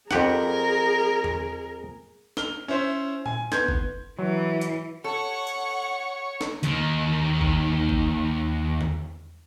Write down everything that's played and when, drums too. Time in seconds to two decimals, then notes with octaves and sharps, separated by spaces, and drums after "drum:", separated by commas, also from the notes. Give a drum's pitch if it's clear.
0.11 F2 G4 G#4 A#4 F#5, drum: snare
1.24 drum: tom E2
2.37 F6 G7, drum: snare
2.68 C#4 E4 C5 C#5 E5
3.26 G#5, drum: tom A#2
3.52 B3 C6 G6 G#6, drum: snare
3.68 drum: kick
4.19 E3 F#3
4.61 drum: hi-hat
5.04 A4 C#5 F#5 C#6
5.47 drum: tambourine
6.41 drum: snare
6.63 D#2 D#3, drum: hi-hat
7.41 drum: kick
7.89 drum: kick
8.81 drum: tom E2